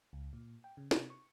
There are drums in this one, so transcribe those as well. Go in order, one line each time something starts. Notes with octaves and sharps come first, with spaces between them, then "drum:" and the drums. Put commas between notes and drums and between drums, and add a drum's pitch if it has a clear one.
C#2
A#2
G5
C#3
C3, drum: snare
C#6